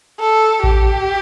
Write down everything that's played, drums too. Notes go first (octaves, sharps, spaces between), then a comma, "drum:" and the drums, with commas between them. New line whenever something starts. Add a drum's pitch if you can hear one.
A4
G4, drum: kick A1